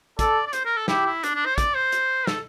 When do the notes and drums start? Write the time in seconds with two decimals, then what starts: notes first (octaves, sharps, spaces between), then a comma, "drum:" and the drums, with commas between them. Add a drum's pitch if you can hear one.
0.19 A4 D5, drum: kick, hi-hat
0.46 D5
0.53 C5, drum: hi-hat
0.65 A#4
0.77 A4
0.88 E4 G4, drum: snare
1.06 E4
1.24 D4, drum: hi-hat
1.35 D4
1.46 C5
1.58 D5, drum: kick, hi-hat
1.75 C5
1.92 drum: hi-hat
2.27 A4, drum: snare